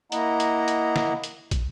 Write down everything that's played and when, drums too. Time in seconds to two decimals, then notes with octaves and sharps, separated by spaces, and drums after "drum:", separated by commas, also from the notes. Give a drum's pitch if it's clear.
0.12 A#3 E4 D#5 F#5 A#5, drum: hi-hat
0.40 drum: hi-hat
0.68 drum: hi-hat
0.96 drum: snare
1.24 drum: hi-hat
1.51 drum: kick, hi-hat